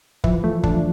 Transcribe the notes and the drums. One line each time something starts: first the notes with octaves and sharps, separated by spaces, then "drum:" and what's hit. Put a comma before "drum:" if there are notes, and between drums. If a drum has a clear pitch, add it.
E3 F3, drum: kick
A3
D4, drum: kick